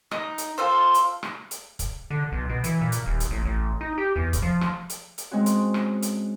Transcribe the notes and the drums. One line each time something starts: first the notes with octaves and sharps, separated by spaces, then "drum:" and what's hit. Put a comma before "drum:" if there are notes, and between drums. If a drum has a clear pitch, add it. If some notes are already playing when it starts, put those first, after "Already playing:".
D#4, drum: rim click
drum: hi-hat
F4 A4 C5
drum: hi-hat
drum: rim click
drum: hi-hat
drum: kick, hi-hat
D3
B1
B2
E3, drum: hi-hat
A#2
drum: hi-hat
D#1
drum: hi-hat
A1
A1
D#4
G4
E2
drum: kick, hi-hat
F3
drum: rim click
drum: hi-hat
drum: hi-hat
G#3 C4 C#4 F#4
drum: hi-hat
drum: rim click
drum: hi-hat